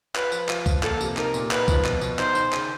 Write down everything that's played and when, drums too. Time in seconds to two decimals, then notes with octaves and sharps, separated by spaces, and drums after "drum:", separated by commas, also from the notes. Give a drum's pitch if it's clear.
0.15 F4 B4, drum: clap
0.32 F3, drum: tambourine
0.49 F4, drum: clap
0.66 F3, drum: kick C2, tambourine
0.83 A#3 A4, drum: clap
1.01 C3, drum: tambourine
1.17 D#4 A#4, drum: clap
1.34 A#2, drum: tambourine
1.51 D#4 B4, drum: clap
1.68 F3, drum: kick C2, tambourine
1.85 B2, drum: clap
2.01 B2, drum: tambourine
2.19 D#4 C5, drum: clap
2.35 D#3, drum: tambourine
2.53 C#3, drum: clap